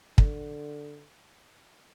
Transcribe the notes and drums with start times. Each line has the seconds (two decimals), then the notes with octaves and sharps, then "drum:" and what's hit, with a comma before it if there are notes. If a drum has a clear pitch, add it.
0.18 D3, drum: kick